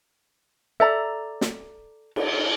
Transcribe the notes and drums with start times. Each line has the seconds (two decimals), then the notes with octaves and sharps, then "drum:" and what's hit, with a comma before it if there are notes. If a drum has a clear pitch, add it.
0.80 A4 D5 E5 A#5
1.41 drum: snare
2.16 drum: cymbal